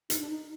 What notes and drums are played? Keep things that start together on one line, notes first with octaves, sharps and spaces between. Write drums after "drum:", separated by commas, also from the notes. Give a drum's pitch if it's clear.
D#4, drum: hi-hat
D4
D#4